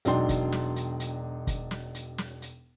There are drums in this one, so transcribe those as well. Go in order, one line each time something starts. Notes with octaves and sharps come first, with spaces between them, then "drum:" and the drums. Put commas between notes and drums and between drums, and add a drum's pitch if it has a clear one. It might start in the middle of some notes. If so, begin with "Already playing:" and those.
E1 F#3 D4 D#4 G5 C6, drum: hi-hat
drum: kick, hi-hat
drum: snare
drum: hi-hat
drum: hi-hat
drum: kick, hi-hat
drum: snare
drum: hi-hat
drum: snare
drum: hi-hat